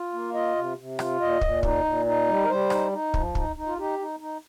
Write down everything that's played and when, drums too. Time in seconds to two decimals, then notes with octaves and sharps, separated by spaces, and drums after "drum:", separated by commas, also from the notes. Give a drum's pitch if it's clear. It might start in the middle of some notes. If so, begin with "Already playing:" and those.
Already playing: F4
0.13 A#3
0.34 F4 D#5
0.56 C3
0.78 C3
0.99 F4, drum: rim click
1.21 A#2 D#5
1.41 A#2, drum: kick
1.63 D#4, drum: kick
1.84 A#2
2.06 D#4
2.27 G3
2.44 A#4
2.49 G3 C5
2.70 D#4, drum: rim click
2.92 D#4
3.14 F3, drum: kick
3.35 D#4, drum: kick
3.56 D#4
3.67 F4
3.78 D#4 G4
3.99 D#4
4.20 D#4